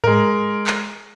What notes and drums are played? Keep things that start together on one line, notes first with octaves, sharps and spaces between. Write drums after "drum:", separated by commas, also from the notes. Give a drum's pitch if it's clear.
G#3 A#4, drum: tom G#2
drum: clap